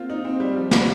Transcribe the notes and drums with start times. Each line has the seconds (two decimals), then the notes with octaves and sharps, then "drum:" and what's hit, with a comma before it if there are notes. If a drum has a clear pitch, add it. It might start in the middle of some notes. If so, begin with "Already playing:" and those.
Already playing: A#3 C4 F4
0.10 D#4
0.25 C4
0.40 G3
0.56 F3
0.71 G3, drum: snare